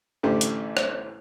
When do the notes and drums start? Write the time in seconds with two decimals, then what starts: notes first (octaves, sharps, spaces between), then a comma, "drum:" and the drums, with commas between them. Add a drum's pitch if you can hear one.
0.23 A1 D3 A3 C#4 G4 C5
0.41 drum: hi-hat
0.77 drum: rim click